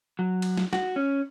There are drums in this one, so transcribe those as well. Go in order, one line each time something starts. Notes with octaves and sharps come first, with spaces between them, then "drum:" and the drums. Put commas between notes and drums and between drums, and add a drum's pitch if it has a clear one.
F#3
drum: cymbal
drum: snare
F#4, drum: snare
C#4